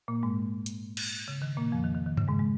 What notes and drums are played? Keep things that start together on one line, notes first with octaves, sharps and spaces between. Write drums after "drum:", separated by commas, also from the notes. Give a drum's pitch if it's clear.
A#2 A#3
G#2 G#3
drum: hi-hat
drum: cymbal
C#3
D#3
A#2 A#3
F2 F3
D#3
D#3
D#3
C#3, drum: tom G2
G#2 G#3
G#3